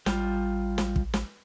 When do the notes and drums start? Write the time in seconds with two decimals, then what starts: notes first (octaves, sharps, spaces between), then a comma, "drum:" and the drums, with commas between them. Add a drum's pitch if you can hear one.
0.06 A1 G3 F4, drum: snare
0.78 drum: snare
0.96 drum: kick
1.14 drum: snare